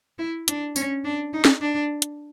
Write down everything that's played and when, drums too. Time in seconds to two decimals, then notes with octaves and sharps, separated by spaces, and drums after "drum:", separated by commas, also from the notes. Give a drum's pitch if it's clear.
0.18 E4
0.48 D4, drum: hi-hat
0.76 C#4, drum: tambourine
1.04 D4
1.33 D#4
1.45 drum: snare
1.61 D4
2.02 drum: hi-hat